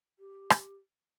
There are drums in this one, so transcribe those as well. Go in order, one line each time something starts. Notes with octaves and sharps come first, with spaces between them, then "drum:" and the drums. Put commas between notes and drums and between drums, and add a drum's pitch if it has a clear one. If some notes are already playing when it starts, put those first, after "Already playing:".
G4
drum: rim click